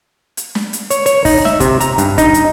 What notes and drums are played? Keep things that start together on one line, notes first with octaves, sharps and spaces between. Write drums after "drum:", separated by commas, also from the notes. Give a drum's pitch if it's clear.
drum: hi-hat
drum: snare
drum: hi-hat
C#5, drum: hi-hat
C#5, drum: hi-hat
D#4, drum: kick, open hi-hat
E5, drum: snare
C3, drum: kick, hi-hat
A#5, drum: hi-hat
G2, drum: hi-hat
D#4, drum: kick, hi-hat
drum: hi-hat